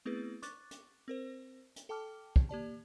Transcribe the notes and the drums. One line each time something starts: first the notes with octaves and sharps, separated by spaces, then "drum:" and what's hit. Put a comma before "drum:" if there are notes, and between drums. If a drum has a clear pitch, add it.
A3 B3 C4 E4 G#4 B4
C#6 D6 F#6 A6, drum: hi-hat
drum: hi-hat
C4 A#4 C5
drum: hi-hat
A4 G5 A5 D6 F6
drum: kick
A#3 G4 D5 A5